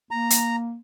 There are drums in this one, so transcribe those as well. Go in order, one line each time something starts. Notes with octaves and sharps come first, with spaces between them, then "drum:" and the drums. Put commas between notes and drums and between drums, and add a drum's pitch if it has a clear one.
A#3 A#5
drum: hi-hat